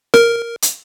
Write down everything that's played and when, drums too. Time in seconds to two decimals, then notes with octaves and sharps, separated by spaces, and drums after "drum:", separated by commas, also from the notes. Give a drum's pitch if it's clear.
0.14 A#4, drum: rim click
0.62 drum: hi-hat